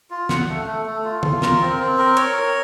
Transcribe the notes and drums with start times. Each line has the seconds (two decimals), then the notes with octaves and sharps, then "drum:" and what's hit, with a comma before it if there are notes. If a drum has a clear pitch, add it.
0.11 F4
0.29 F#5, drum: snare
0.49 A3
0.66 A3
0.86 A3
1.04 F4
1.23 F4, drum: tom
1.42 A#4, drum: snare
1.61 C4
1.79 C4
1.98 A#4
2.17 C#5, drum: cymbal
2.36 A#4